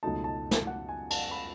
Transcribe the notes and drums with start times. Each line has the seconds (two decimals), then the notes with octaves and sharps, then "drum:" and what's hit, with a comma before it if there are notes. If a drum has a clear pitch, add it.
0.03 C#2 B2 F#3 A3 D#4 A5
0.24 A5
0.51 drum: snare
0.67 F#5
0.89 G#5
1.10 A5, drum: cymbal
1.31 B5